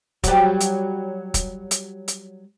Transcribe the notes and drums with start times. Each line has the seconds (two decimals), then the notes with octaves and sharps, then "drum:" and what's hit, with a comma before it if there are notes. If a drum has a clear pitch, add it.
0.24 F#3 G3, drum: kick, hi-hat
0.60 drum: hi-hat
1.34 drum: kick, hi-hat
1.71 drum: hi-hat
2.08 drum: hi-hat